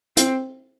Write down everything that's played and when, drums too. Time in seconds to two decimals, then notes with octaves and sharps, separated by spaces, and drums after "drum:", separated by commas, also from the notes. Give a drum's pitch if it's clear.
0.17 C4, drum: hi-hat